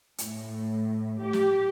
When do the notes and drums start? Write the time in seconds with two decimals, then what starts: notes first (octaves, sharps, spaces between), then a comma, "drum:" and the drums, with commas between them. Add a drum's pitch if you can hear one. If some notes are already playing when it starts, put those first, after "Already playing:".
0.18 A2, drum: hi-hat
1.20 G4
1.33 drum: snare